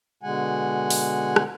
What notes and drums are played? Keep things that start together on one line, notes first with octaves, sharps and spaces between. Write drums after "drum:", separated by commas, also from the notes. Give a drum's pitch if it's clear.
B2 D3 G#3 F#5 G#5
drum: open hi-hat
drum: rim click